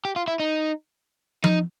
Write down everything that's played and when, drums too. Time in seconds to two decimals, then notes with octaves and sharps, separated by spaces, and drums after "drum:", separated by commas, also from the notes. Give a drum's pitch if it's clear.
0.05 G4
0.16 F4
0.28 E4
0.40 D#4
1.44 D#4, drum: tom F3